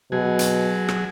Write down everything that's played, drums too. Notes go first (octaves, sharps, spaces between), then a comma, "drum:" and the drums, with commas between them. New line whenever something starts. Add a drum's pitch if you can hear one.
B2 F#3 G#4
drum: hi-hat
drum: rim click